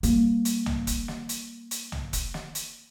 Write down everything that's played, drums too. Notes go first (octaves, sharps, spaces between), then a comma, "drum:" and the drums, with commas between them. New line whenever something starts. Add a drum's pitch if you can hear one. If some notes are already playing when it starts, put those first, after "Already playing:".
G3 A#3, drum: hi-hat
drum: hi-hat
drum: tom B1
drum: kick E1, hi-hat
drum: snare
drum: hi-hat
drum: hi-hat
drum: tom B1
drum: kick E1, hi-hat
drum: snare
drum: hi-hat